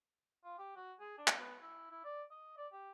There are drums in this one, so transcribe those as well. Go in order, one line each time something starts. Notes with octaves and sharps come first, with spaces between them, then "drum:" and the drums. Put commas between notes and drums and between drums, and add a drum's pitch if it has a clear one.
F4
G4
F#4
G#4
D4
drum: clap
B3
E4
E4
D5
D#5
D5
G4